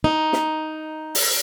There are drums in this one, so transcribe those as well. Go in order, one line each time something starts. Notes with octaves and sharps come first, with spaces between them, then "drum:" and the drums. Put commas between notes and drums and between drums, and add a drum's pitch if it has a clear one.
D#4
drum: snare
drum: open hi-hat